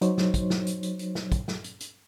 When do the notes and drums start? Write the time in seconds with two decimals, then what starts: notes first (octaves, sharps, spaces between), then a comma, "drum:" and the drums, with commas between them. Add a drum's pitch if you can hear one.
0.01 F#3 D#4 C5 C#5, drum: hi-hat
0.18 drum: snare
0.34 drum: kick, hi-hat
0.50 drum: snare
0.67 drum: hi-hat
0.83 drum: hi-hat
0.99 drum: hi-hat
1.15 drum: snare
1.32 drum: kick, hi-hat
1.48 drum: snare
1.64 drum: hi-hat
1.80 drum: hi-hat